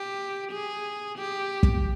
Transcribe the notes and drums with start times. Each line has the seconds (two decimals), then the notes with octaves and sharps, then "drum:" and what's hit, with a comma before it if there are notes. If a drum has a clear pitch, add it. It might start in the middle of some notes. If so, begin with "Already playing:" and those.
Already playing: G4
0.52 G#4
1.18 G4
1.63 drum: kick